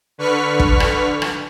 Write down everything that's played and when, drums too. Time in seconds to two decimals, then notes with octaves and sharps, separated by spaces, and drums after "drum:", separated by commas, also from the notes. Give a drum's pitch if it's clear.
0.18 D3 B4 C#6 F6 B6
0.60 drum: kick
0.80 drum: rim click
1.22 drum: rim click